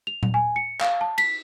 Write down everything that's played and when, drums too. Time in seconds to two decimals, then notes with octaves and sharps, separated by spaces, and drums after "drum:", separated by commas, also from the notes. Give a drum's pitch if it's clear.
0.07 F7
0.23 drum: tom A#2
0.34 G#5
0.56 C#7
0.81 F5, drum: clap
1.01 A5
1.18 B6, drum: cymbal